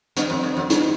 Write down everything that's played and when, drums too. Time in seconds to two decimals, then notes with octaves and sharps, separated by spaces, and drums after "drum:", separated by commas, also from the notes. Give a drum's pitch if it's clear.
0.17 G2 C4, drum: hi-hat
0.30 F2
0.43 G2
0.57 F2
0.70 G2 D#4, drum: hi-hat